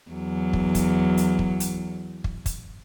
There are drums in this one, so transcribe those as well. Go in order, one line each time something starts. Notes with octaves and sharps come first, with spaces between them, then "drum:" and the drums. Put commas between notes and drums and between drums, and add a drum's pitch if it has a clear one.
E2 F#3
drum: kick
drum: kick, hi-hat
drum: hi-hat
drum: kick
drum: hi-hat
drum: kick
drum: kick, hi-hat